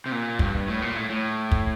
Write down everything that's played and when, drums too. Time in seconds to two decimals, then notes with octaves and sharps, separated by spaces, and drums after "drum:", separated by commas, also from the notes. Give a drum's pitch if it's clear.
0.06 C3
0.12 A#2
0.39 G2, drum: kick
0.68 A2
0.82 A#2
0.96 A2
1.10 A2
1.52 drum: kick